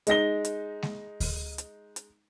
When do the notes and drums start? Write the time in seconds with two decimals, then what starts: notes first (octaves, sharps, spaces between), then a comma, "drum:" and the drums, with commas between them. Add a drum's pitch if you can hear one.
0.07 G#3 D#4 A#6 G7, drum: hi-hat
0.45 drum: hi-hat
0.82 drum: snare G#3
1.20 drum: kick D2, open hi-hat
1.58 drum: hi-hat
1.96 drum: hi-hat